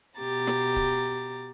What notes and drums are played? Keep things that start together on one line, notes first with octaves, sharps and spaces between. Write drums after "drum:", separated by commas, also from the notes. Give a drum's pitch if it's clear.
B2 G4 A#5 A6
drum: snare
drum: kick C#1